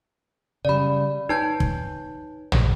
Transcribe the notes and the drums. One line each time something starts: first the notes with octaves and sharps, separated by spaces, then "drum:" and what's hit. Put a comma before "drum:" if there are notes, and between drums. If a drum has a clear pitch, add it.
C#3 G3 D5 B5
D#4 B4 C#5 A5 G6
drum: kick
drum: tom